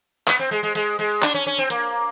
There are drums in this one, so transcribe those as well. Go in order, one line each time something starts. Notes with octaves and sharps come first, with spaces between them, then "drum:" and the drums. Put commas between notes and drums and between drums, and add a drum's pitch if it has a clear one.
B3, drum: clap
C4
G#3
G#3
G#3, drum: hi-hat
G#3
D4, drum: clap
C#4
C#4
C4
A#3, drum: hi-hat